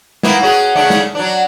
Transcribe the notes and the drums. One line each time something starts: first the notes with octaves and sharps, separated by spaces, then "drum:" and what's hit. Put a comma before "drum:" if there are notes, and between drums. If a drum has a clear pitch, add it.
A#3 B3 E4, drum: snare
C#4 F#4 G#4
C#3 A3 D4
drum: snare
F#3 D4